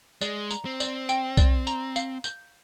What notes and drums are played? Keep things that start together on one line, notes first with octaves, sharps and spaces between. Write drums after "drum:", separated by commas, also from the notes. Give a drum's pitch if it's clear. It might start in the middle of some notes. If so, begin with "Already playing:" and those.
G#3 D5, drum: tambourine
A#5, drum: tambourine
C4
D5, drum: tambourine
G5, drum: tambourine
D5, drum: kick B1, tambourine
A#5, drum: tambourine
F5, drum: tambourine
G6, drum: tambourine